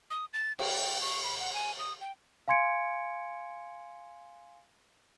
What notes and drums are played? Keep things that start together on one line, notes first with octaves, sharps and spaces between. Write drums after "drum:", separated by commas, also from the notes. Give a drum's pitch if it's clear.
D#6
A6
G5, drum: cymbal
C#6
B5
F#5
G#5
D#6
G5
F5 G#5 C6 G#6 C#7 D7